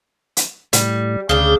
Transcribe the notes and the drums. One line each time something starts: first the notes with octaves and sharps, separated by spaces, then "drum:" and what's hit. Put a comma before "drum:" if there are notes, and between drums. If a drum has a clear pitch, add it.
drum: hi-hat
A2 G3, drum: hi-hat
D2 C#3 D4 G6